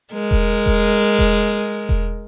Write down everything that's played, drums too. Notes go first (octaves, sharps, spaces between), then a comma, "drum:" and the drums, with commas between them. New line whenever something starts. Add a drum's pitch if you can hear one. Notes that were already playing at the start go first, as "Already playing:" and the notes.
G#3 A#4
drum: kick E1
drum: kick E1
drum: kick E1
drum: kick E1